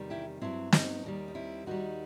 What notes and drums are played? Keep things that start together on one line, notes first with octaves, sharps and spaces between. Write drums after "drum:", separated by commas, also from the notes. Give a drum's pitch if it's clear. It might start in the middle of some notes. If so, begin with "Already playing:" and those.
Already playing: E2 C3 D#3 G3
E4 G4
G2 F#3 C4 E4
B3 D#4, drum: snare
D#2 D#3 G3
D#4
C4 E4
D#2 D#3 G3 D#4 F#4